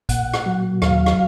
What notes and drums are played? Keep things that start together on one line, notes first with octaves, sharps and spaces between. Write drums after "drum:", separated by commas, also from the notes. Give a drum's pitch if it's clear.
A#2 F#5, drum: kick, hi-hat
drum: rim click
F#3
D#2 F5, drum: rim click
drum: rim click